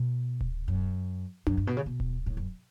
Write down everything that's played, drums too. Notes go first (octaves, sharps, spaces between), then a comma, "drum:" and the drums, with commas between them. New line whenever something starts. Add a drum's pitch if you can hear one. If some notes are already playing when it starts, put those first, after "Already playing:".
Already playing: B2
drum: kick D1
F#2
F#2, drum: tom D4
G2
B2
C#3
B2
drum: kick D1
A2
F#2